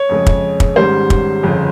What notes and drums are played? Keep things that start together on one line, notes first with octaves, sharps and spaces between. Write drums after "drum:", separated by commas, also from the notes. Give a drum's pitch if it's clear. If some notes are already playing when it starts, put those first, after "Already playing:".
Already playing: C#5
F2 C#3 G#3
drum: kick
drum: kick
G#1 G#2 G3 C#4 C5
drum: kick
G1 F2 C#3